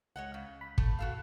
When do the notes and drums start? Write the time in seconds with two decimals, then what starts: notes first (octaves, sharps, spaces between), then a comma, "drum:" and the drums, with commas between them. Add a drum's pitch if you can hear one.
0.16 C#2 G#3 C#5 D#5 F#5
0.34 C#3
0.61 B5
0.78 A3, drum: kick
0.99 F#4 A4 F5